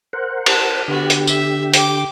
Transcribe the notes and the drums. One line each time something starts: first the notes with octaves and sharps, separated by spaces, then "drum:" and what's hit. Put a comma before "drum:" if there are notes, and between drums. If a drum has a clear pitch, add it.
A#4 C5 F#5
A5, drum: cymbal
D3 B3 F#4 G4
drum: hi-hat
E5, drum: tambourine
G5 D6, drum: hi-hat